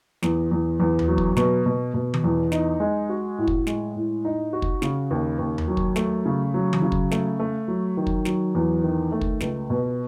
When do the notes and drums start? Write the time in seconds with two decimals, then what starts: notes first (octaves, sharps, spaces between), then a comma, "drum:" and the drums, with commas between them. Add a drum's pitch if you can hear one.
0.23 E2, drum: snare
0.51 E2
0.80 E2
0.99 drum: tom D#2
1.08 F#3
1.18 drum: kick
1.37 B2, drum: snare
1.66 B2
1.94 B2
2.14 drum: tom D#3
2.24 E2
2.52 D#4, drum: snare
2.80 G#3
3.09 F#4
3.38 A2
3.48 drum: kick
3.67 G#3, drum: snare
3.96 A2
4.25 D#4
4.53 F#4
4.62 drum: kick
4.82 C#3, drum: snare
5.11 D#2
5.39 D#2
5.58 drum: tom D#2
5.68 F#3
5.77 drum: kick
5.96 A3, drum: snare
6.26 C#3
6.54 F#3
6.73 drum: tom D#3
6.82 C#3
6.92 drum: kick
7.11 A3, drum: snare
7.39 A3
7.68 F#3
7.97 D#3
8.07 drum: kick
8.25 F#3, drum: snare
8.55 E2
8.83 D#3
9.12 A3
9.21 drum: kick
9.40 C#2, drum: snare
9.70 B2